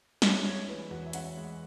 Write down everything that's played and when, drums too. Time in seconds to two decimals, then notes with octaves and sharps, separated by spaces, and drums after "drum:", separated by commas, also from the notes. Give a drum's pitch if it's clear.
0.22 C#4 E5, drum: snare
0.45 G#3 C#5
0.68 E3 B4
0.91 E2 F#4
1.06 E5
1.13 C#4 F#5, drum: hi-hat
1.37 G#3